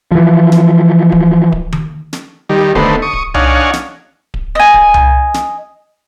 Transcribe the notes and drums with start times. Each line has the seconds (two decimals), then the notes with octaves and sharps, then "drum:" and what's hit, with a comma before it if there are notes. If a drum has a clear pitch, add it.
0.12 E3 F3
0.52 drum: snare
1.12 drum: kick D1
1.52 drum: kick D1
1.72 drum: tom D#3
2.13 drum: snare
2.49 D#3 G3
2.75 D3 D#3 A3 B3 C5, drum: kick D1
3.02 C#6 D#6
3.13 drum: kick D1
3.34 D4 D#4 C#5 F5 F#5 G#5, drum: tom C2
3.73 drum: snare
4.34 drum: kick D1
4.55 D#5 G#5
4.74 drum: kick D1
4.94 drum: tom C2
5.34 drum: snare